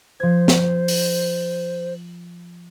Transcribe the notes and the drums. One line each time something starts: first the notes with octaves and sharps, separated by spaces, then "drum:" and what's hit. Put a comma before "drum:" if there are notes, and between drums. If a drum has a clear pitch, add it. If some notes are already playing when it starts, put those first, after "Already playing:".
F3 C5 G#6
drum: snare
drum: open hi-hat